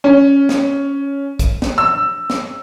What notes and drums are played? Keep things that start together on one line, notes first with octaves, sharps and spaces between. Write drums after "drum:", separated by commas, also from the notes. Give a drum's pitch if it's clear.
C#4
drum: snare
drum: kick, hi-hat
drum: snare
E6
drum: snare